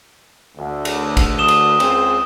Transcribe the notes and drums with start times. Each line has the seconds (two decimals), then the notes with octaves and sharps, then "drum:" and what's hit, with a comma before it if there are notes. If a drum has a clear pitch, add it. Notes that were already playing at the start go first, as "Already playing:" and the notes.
0.57 D2
0.85 drum: cymbal
1.17 drum: kick, cymbal
1.39 D#6 E7 G7
1.48 drum: cymbal
1.80 C#2 C4 G#4, drum: cymbal